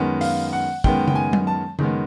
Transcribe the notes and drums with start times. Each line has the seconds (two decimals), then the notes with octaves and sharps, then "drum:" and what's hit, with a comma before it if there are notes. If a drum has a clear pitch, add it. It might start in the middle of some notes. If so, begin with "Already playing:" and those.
Already playing: F#2 D#3 G#3 B3
0.21 F5, drum: open hi-hat
0.53 F#5
0.84 F#2 D#3 G#3 B3 G5, drum: kick
1.08 G5, drum: tom C#3
1.15 G#5
1.33 drum: tom F#3
1.47 A5
1.79 F#2 D#3 G#3 B3, drum: tom C#3